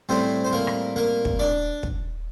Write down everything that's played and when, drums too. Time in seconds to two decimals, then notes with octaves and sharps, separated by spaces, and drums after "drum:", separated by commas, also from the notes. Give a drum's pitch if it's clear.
0.09 A2 G3 C4 C5
0.45 C5
0.53 A#3 A#4
0.67 drum: rim click
0.96 A#3 A#4
1.25 drum: kick
1.39 D4 D5
1.83 drum: kick